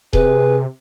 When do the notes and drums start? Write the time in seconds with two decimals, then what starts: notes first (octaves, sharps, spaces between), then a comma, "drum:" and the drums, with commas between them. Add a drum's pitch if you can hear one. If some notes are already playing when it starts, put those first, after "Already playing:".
0.13 C3 G#4 B4, drum: kick D#1